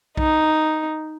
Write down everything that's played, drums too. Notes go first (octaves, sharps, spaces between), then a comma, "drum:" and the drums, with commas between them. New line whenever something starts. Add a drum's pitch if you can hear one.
D#4, drum: kick B1